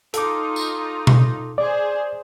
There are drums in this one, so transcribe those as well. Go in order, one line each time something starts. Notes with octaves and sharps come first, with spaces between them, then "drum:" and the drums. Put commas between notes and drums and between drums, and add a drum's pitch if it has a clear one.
D#4 F4 A4 D6, drum: hi-hat
drum: tambourine
drum: tom B2
G#4 C5 D5